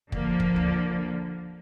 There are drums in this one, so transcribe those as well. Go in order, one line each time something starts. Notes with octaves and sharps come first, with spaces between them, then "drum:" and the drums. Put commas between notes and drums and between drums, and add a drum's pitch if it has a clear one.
D3 F3 A#3, drum: kick
drum: kick
drum: tom D2